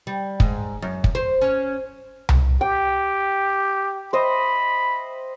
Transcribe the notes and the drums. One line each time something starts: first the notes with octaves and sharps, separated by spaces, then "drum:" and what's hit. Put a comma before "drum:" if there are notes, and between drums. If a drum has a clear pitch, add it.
G3
G#2, drum: kick
F#2
drum: kick
C5
C#4
drum: tom C2
G4 G5
C5 D#5 E5 B5